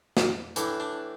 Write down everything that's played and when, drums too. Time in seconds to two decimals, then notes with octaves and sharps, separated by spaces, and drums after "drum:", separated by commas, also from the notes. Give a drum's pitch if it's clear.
0.17 drum: snare
0.56 A2 E3 D4, drum: hi-hat
0.80 D4